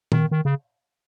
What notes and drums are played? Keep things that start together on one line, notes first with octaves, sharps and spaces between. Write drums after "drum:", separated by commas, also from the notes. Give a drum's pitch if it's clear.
D#3, drum: tom A#2
D#3
C#3